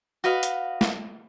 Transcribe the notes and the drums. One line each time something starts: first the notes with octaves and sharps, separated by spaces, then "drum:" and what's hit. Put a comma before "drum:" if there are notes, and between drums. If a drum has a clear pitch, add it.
F#4 B4 D#5 F5
drum: hi-hat
drum: snare